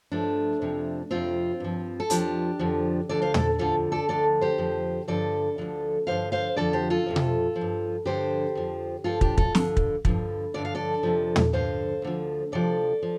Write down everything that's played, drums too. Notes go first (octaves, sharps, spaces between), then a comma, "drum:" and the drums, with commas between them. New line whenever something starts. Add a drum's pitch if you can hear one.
G2 F3 A3 D4
F2 C3 F3
F2 C3 F3 C4 F4
G2 F3
A4
F2 F3 D4 G4, drum: hi-hat
F2 D3 F3
D2 D3 F3 A4 D5
C5 F5
A4 D5, drum: tom
F2 D3 F3 F4 A4
A4 D5
D2 D3 F3 A4 D5
G4 C5
F2 F3
G2 D3 F3 A4 D5
D2 D3 F3
G2 D3 F3 C5 F5
C5 F5
F2 D3 F3 A4 D5
G4 C5
F4 A4
F2 C3 F3
drum: tom B2
F3
G2
G2 D3 F3 G4 C5
F2 F3
G2 F3 F4 A4
D4 G4, drum: kick
F4 A4, drum: kick
G2 D3 F3, drum: snare
drum: kick
G2 D3 F3, drum: kick
G2 D3 F3 D5
F5
A4 D5
F2 C3 F3
drum: tom
G2 D3 F3 C5 F5
D2 D3 F3
D2 C3 F3 A4 D5
F3